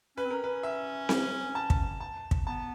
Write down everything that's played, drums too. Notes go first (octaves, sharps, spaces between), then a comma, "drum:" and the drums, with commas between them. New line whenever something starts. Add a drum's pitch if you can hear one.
C#4 B4
C4
C#4 A#4
B4
E5
G#5, drum: snare C4
A5
drum: kick
A5
drum: kick
B3 A5